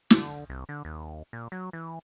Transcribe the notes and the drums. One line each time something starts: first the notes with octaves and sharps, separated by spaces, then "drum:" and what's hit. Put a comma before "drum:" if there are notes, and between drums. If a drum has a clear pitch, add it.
D3, drum: snare
C2
D3
D#2
A#2
F#3
E3